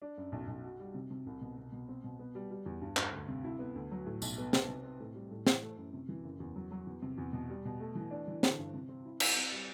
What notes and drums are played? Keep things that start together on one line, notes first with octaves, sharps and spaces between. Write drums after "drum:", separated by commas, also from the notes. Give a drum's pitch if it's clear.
D4
F#2
B1
B1
F#4
G3
C3
C3
C2
B2
B2
B2
C4
B2
B3
G3
G3
E2
G2
G2, drum: clap
D2
C3
E4
B3
D2
F#3
A2
B1, drum: tambourine
B3
C3, drum: snare
C3
C4
A2
G3
A2
E3, drum: snare
A3
F#2
C3
E3
F#1
E2
F#3
F#3
E2
C3
E2
B2
G3
B2
A3
E3
D4
E3
D3, drum: snare
G2
C3
C4
E4
E4, drum: cymbal
C4
G3